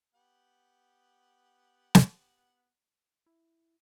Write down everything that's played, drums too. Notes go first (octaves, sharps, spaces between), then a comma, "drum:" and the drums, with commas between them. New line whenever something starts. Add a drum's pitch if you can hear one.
B3 G4 F#5
drum: snare
E4